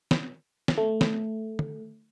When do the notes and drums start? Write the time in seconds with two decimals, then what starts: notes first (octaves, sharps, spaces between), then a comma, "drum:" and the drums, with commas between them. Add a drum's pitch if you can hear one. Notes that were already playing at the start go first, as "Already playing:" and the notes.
0.11 drum: snare
0.68 drum: snare
0.78 A3
1.01 drum: snare
1.59 drum: tom D3